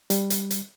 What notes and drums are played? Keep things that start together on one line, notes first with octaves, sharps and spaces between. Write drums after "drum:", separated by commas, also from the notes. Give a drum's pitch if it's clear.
G3, drum: hi-hat
drum: hi-hat
drum: hi-hat